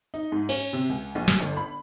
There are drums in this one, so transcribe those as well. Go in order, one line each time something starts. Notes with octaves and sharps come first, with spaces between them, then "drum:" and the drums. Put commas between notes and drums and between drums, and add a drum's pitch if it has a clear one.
D#4
G#2
C#4, drum: cymbal
C3
C#2
A#1
drum: snare
G1
B5